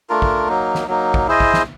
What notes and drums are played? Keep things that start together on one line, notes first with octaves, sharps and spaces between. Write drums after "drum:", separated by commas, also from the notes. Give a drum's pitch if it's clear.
A3 D4 F4 A#4
drum: kick
F#3 A#3 D#4
drum: snare
F#3 A#3 D#4
drum: kick
E4 G#4 C5 D#5
drum: kick
drum: snare